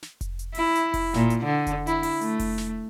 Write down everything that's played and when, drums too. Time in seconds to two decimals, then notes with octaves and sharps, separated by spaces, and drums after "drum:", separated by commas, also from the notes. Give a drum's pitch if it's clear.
0.03 drum: snare
0.21 drum: kick F1, hi-hat
0.39 drum: hi-hat
0.55 E4, drum: open hi-hat
0.75 drum: hi-hat
0.94 drum: kick F1, open hi-hat
1.14 A#2, drum: snare
1.30 drum: hi-hat
1.45 D3
1.67 drum: kick F1, hi-hat
1.87 E4, drum: hi-hat
2.03 drum: open hi-hat
2.21 A3, drum: hi-hat
2.39 drum: kick F1, open hi-hat
2.58 drum: snare